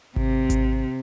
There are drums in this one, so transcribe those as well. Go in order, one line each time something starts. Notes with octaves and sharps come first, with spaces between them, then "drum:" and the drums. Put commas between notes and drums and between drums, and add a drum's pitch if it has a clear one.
C3, drum: kick G#1
drum: kick G#1, hi-hat